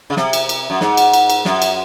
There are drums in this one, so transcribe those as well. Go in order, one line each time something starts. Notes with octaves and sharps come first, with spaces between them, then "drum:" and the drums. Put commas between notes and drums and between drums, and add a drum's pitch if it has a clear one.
C#3
C3, drum: snare
drum: cymbal
drum: cymbal
F#2
G#2, drum: snare
drum: cymbal
drum: cymbal
drum: cymbal
F#2, drum: snare
drum: cymbal